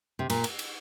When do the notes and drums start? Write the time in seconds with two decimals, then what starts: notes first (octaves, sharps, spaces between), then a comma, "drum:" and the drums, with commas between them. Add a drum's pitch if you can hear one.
0.19 C3
0.30 A#2, drum: cymbal
0.44 drum: cymbal
0.59 drum: cymbal